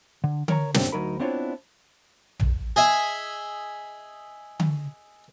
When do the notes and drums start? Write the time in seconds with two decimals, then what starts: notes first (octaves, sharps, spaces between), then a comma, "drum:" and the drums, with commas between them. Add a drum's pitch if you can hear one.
0.24 D3
0.48 A#4 C#5 A#5, drum: tom D3
0.74 F#2 A#2 D3 C4 D4 G4, drum: snare
0.92 D2 G2 F#3 D#4 A#4 B5
1.20 B3 C4 D4 E4 F4 C#5
2.40 drum: tom
2.76 G#4 D#5 E5
4.60 drum: tom D3